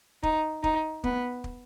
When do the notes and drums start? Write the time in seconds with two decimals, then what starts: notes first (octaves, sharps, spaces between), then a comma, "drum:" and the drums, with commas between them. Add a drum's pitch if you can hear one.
0.23 D#4, drum: kick
0.64 D#4, drum: kick
1.04 B3, drum: kick
1.44 drum: kick